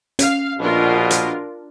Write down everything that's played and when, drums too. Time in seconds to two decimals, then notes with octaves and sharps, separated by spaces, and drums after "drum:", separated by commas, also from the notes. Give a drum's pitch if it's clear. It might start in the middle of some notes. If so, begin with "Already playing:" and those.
0.19 C#4 F5, drum: hi-hat
0.59 A#1 B2 D4 F4 A#4
1.10 drum: hi-hat